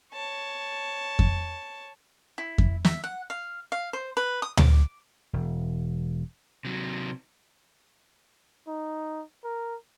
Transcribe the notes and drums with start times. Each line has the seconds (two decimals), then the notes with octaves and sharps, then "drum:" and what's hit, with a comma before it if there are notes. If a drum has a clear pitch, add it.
0.13 C#5 A5
1.19 drum: kick F2
2.38 E4
2.58 drum: kick F2
2.85 E5, drum: snare
3.04 F#5
3.30 F5
3.72 F5
3.93 C5
4.17 B4
4.42 D#6
4.57 D6, drum: tom D2
5.33 E1
6.65 C3 F#3
8.67 D#4
9.44 A#4